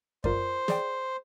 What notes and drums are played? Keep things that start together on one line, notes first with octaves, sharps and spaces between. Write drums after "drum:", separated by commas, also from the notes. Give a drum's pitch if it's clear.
F4 A#4 C5 D5, drum: kick F#2
G#4 D5 G5, drum: snare